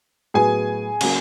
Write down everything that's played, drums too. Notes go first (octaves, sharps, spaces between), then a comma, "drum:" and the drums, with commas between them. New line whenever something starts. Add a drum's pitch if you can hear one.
A2 F#3 B3 G#4 G#5
C#3 F#3 A#3, drum: cymbal